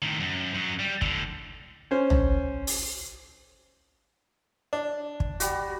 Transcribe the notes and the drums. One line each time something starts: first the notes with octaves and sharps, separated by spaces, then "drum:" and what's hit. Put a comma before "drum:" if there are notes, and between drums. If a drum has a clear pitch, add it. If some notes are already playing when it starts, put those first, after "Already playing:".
A2 D#3
F#2
F#2 F#3
G3
A2 D3, drum: kick
C#4 C5
drum: tom
drum: open hi-hat
D4
drum: kick
G3 F#4, drum: hi-hat